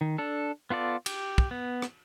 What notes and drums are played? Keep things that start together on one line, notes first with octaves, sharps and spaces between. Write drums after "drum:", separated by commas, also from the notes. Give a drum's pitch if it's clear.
D#3
D4 A4
B3 F4 A4 D5
G4, drum: cymbal
drum: kick
B3
drum: rim click